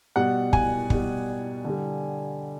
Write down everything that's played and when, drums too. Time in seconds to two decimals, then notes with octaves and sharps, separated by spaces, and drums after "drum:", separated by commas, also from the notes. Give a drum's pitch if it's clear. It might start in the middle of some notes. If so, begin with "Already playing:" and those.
0.16 B2 G3 F#5
0.53 G#5, drum: kick
0.90 B2 G3, drum: kick
1.65 D3 G3